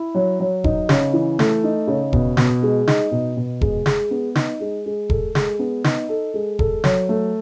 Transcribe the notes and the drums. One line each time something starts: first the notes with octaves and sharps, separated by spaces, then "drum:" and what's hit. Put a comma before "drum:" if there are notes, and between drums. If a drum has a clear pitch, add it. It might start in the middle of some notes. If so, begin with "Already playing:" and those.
Already playing: E4
F#3
F#3
D#4, drum: kick E1
C#3, drum: snare
E3
A3, drum: snare
D#4
C#3
B2, drum: kick E1
B2, drum: snare
G#3
D#4, drum: snare
B2
B2
G#3, drum: kick E1
G#3, drum: snare
B3
D#4, drum: snare
G#3
G#3
A4, drum: kick E1
G#3, drum: snare
B3
D#4, drum: snare
A4
G#3
A4, drum: kick E1
F#3, drum: snare
A3